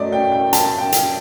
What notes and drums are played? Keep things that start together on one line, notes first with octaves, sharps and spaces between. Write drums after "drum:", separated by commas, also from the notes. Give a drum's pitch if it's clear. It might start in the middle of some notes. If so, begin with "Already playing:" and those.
Already playing: F#2 F#3 A3 D5 D#5
G5
G5
A5, drum: hi-hat
G5
drum: hi-hat